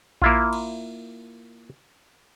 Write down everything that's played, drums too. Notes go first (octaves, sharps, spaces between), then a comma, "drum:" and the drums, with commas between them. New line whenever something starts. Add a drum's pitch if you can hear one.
A#3 E4 F4, drum: kick A#1
drum: cymbal